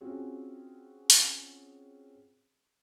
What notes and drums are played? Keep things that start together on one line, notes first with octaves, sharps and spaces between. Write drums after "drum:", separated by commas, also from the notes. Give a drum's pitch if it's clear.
C4 C#4 F4 F#4 G#4
drum: open hi-hat